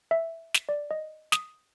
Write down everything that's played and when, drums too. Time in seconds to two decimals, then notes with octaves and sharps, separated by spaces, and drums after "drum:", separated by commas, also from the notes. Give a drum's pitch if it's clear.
0.11 E5
0.54 drum: snare
0.69 D5
0.91 D#5
1.32 D#6, drum: snare